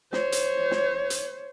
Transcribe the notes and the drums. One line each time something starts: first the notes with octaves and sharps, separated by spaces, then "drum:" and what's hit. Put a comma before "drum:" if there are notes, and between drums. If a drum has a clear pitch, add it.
C5 C#5, drum: snare
drum: hi-hat
drum: snare
drum: hi-hat